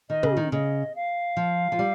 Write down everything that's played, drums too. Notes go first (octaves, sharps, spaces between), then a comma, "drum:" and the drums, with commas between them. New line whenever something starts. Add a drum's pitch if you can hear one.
D#3 D#5
C#3, drum: tom
D#3
C#3 D#5
F5
F3
F3
G3